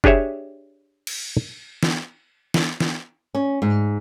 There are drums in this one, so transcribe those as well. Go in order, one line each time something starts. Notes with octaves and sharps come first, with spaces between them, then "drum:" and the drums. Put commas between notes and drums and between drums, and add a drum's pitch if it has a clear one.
D4 G4 G#4 C#5 E5, drum: kick F#1
drum: cymbal
drum: snare
drum: snare
drum: snare
C#4
G#2